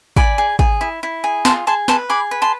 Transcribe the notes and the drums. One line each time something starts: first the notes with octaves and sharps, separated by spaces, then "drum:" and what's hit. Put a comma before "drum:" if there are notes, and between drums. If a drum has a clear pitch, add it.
D5 G#5 B5, drum: kick
G#4
G#4, drum: kick
E4
E4
G#4
F4 A5 C6, drum: snare
G#4 A5 C6
B4 A5 C6, drum: snare
G#4 B5 D6
B4
A5 C6